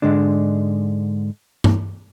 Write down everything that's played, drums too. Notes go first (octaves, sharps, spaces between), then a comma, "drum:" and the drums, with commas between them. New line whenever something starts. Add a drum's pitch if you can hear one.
G#2 D3 G#3 D4
drum: tom G2